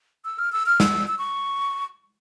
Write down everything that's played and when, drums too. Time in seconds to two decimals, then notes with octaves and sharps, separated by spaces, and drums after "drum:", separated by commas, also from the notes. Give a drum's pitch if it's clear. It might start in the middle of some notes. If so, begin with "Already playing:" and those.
0.25 E6
0.39 F6
0.52 E6
0.66 F6
0.80 E6, drum: snare
1.08 E6
1.19 C#6